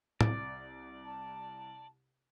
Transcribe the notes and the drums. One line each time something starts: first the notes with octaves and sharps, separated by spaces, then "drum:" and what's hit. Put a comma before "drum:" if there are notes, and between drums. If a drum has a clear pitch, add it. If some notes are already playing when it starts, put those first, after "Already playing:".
C2 D5, drum: tom
A5